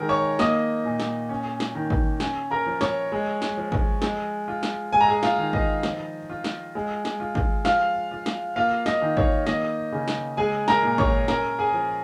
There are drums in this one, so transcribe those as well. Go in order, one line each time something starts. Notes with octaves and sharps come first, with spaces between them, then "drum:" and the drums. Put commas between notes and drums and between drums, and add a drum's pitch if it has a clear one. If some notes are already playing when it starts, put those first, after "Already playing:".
Already playing: D#3 G#3 A#4 A#5
C#5 C#6
A#3 D#5 D#6, drum: snare
A#2
drum: snare
C#4
drum: snare
D#3
drum: kick
C#4, drum: snare
A#4 A#5
F3
C#5 C#6, drum: snare
G#3
drum: snare
F3
drum: kick
G#3, drum: snare
F4
drum: snare
G#3 G#5
A#5
G#4 G#5
F4 F5, drum: snare
D#3
D#5, drum: kick
F3, drum: snare
F4
drum: snare
G#3
drum: snare
F4
drum: kick
F3 F4 F5, drum: snare
F4
drum: snare
A#3 F4 F5
D#5, drum: snare
D#3
C#5, drum: kick
A#3 D#5, drum: snare
C#3
drum: snare
G#3 G#4 G#5
A#4 A#5, drum: snare
A#2
C#5 C#6, drum: kick
C#4 A#4 A#5, drum: snare
G#4 G#5
F3